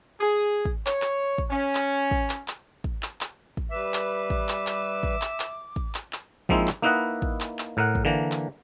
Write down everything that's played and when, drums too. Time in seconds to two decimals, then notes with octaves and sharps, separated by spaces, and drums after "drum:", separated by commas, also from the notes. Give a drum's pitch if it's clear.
0.20 G#4
0.65 drum: kick
0.86 C#5, drum: clap
1.02 drum: clap
1.38 drum: kick
1.51 C#4
1.75 drum: clap
2.11 drum: kick
2.30 drum: clap
2.48 drum: clap
2.84 drum: kick
3.03 drum: clap
3.21 drum: clap
3.57 drum: kick
3.70 G3 B4 E5 D6
3.94 drum: clap
4.30 drum: kick
4.48 drum: clap
4.67 drum: clap
5.03 drum: kick
5.21 drum: clap
5.40 drum: clap
5.76 drum: kick
5.94 drum: clap
6.13 drum: clap
6.49 F3 G#3 A#3 C4 D#4 E4, drum: kick
6.67 drum: clap
6.82 A#3 D#4 E4 B4 D#5 F#5
7.22 drum: kick
7.40 drum: clap
7.59 drum: clap
7.77 A2 A#4 F#5
7.95 drum: kick
8.05 D3 E3 A#3 A#5
8.32 drum: clap